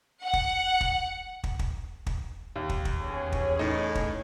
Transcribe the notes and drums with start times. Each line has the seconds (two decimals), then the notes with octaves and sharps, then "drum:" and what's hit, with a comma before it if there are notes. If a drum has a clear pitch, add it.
0.24 F#5
0.33 drum: kick
0.81 drum: kick
1.44 drum: kick
1.59 drum: kick
2.07 drum: kick
2.56 D#2
2.69 drum: kick
2.85 drum: kick
3.01 E2 C#4 G#4
3.32 drum: kick
3.59 A2 D#4
3.95 drum: kick